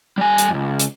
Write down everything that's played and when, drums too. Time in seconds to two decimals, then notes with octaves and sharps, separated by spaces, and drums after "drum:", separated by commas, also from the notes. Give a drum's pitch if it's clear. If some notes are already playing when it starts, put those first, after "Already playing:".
0.18 G3 G#5
0.38 drum: hi-hat
0.51 C#2 F#2
0.79 drum: hi-hat